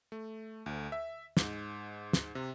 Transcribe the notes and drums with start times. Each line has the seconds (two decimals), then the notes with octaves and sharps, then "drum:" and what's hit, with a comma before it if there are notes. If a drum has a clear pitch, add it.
0.12 A3
0.66 D2
0.92 E5
1.37 G#2, drum: snare
2.13 drum: snare
2.35 C3